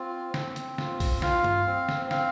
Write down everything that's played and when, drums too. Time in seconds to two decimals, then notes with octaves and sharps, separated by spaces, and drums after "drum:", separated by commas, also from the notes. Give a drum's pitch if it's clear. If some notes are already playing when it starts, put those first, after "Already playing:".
Already playing: C4 F4
0.34 C4, drum: snare
0.56 drum: hi-hat
0.78 F4, drum: snare
1.00 drum: kick, open hi-hat
1.22 F4 F5, drum: snare
1.44 drum: tom G2
1.66 C4
1.89 drum: snare
2.11 C4 F5, drum: snare